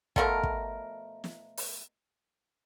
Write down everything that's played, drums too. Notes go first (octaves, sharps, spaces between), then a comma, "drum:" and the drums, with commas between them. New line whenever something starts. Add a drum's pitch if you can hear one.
B2 F3 A3 A#4, drum: kick
drum: kick
drum: snare
drum: open hi-hat